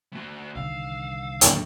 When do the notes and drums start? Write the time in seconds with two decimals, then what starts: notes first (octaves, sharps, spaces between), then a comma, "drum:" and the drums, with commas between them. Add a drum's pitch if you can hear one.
0.13 A3 F#4
0.55 C2 D3 D#3 F5 E6
1.41 D#2 A2 D3 F#3 G#3 C#4, drum: hi-hat